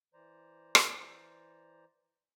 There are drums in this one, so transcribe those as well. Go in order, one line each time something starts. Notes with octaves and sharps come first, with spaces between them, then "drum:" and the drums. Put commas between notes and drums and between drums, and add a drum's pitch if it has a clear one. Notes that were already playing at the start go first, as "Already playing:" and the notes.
E3 C5 D5 A#5
drum: rim click